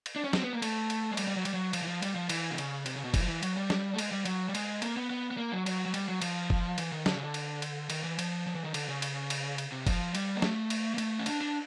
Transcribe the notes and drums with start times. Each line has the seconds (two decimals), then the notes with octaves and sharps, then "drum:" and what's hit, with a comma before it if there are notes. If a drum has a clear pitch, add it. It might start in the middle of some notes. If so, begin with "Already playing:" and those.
0.06 drum: cymbal
0.16 D4
0.24 C#4
0.33 C4, drum: snare
0.44 B3
0.53 A#3
0.62 A3, drum: cymbal
0.90 drum: cymbal
1.12 G#3
1.17 G3, drum: cymbal
1.28 G3
1.36 F#3
1.45 G3, drum: cymbal
1.54 F#3
1.73 F3, drum: cymbal
1.82 E3
1.88 F3
2.02 G3, drum: cymbal
2.15 F3
2.29 E3, drum: cymbal
2.51 C3
2.58 C#3, drum: cymbal
2.86 C3, drum: cymbal
2.96 C#3
3.04 B2
3.14 E3, drum: kick, cymbal
3.22 F3
3.28 E3
3.43 F#3, drum: cymbal
3.57 G3
3.70 drum: snare
3.94 A3
3.98 G#3, drum: cymbal
4.11 G3
4.25 F#3, drum: cymbal
4.49 G3
4.55 G#3, drum: cymbal
4.82 A#3, drum: cymbal
4.97 B3
5.10 B3
5.31 B3
5.37 A#3
5.52 F#3
5.66 F#3, drum: cymbal
5.85 F#3
5.94 G3, drum: cymbal
6.08 F#3
6.22 F3, drum: cymbal
6.50 drum: kick
6.78 E3, drum: cymbal
6.92 D#3
7.06 D3, drum: snare
7.16 C#3
7.24 D3
7.34 drum: cymbal
7.62 drum: cymbal
7.90 D#3, drum: cymbal
8.04 E3
8.19 F3, drum: cymbal
8.47 F3
8.55 E3
8.64 D#3
8.74 D3, drum: cymbal
8.89 C#3
9.02 drum: cymbal
9.30 drum: cymbal
9.58 drum: cymbal
9.72 C3
9.87 F3, drum: kick, cymbal
10.15 G3, drum: cymbal
10.36 A#3
10.42 A3, drum: snare
10.70 drum: cymbal
10.94 A#3
10.98 A3, drum: cymbal
11.19 C#4
11.26 D4, drum: cymbal
11.41 D4